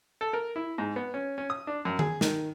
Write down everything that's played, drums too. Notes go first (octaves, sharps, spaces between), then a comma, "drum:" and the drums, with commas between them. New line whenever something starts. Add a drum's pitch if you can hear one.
A4
A#4
E4
G#2
B3
C#4
C#4
D#6
D4
F#2
G#4, drum: tom D#3
D#3, drum: snare